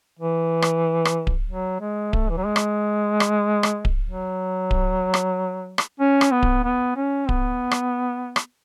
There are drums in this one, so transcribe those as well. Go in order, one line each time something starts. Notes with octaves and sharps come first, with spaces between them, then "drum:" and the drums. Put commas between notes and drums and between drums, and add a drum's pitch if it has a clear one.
E3
drum: rim click
drum: rim click
drum: kick D1
F#3
G#3
A3, drum: kick D1
E3
F#3
G#3
drum: rim click
drum: rim click
drum: rim click
drum: kick D1
F#3
drum: kick D1
drum: rim click
drum: rim click
C#4
drum: rim click
B3
drum: kick D1
B3
C#4
B3, drum: kick D1
drum: rim click
drum: rim click